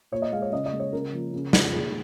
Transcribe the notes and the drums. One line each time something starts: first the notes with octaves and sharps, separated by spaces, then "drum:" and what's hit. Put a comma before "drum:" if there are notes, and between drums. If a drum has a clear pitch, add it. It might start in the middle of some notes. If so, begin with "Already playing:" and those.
A#2 C#5
D#5
G#3 F5
C#5
C#3 D#5
D#5
G#3
C#5
C#3 A#4
F3 A#3
C#3
F3 G#3, drum: snare
A#2 G#4